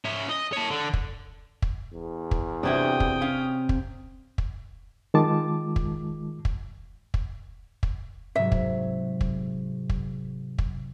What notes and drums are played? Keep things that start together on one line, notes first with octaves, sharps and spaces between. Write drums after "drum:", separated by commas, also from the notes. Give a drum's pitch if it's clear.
C#4 E5
D#5
C#5 A5
D3
drum: kick
drum: kick
E2
drum: kick
C3 D4 E4 F#4 G5 D#6
drum: kick
C#4 F5
drum: kick
drum: kick
D#3 G#3 F4 A5 D6
drum: kick
drum: kick
drum: kick
drum: kick
G#2 C3 F#3 E5
drum: kick
drum: kick
drum: kick
drum: kick